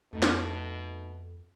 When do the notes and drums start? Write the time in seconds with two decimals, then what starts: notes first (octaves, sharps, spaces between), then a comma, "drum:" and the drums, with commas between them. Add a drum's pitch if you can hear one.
0.13 F2 B2 A3 D#4
0.22 drum: snare